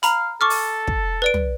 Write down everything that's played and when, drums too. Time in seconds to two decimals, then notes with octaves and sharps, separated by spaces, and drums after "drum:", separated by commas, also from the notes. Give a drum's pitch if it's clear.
0.03 F5 A#5 B5, drum: hi-hat
0.41 A4 C#6 D6 F6
0.50 drum: open hi-hat
0.88 drum: kick
1.22 B4 D5 D7
1.34 drum: tom